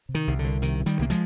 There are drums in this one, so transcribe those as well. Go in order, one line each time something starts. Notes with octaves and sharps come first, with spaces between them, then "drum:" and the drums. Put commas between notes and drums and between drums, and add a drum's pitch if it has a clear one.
C3
D#3
C2
D3
C2
C3 D#3, drum: hi-hat
C3
D#3 G3, drum: hi-hat
C2 A#3
F3 G#3, drum: hi-hat